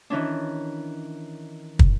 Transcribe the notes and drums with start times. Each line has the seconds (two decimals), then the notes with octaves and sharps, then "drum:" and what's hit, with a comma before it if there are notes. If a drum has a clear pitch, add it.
0.10 D#3 E3 C#4 D4
1.79 drum: kick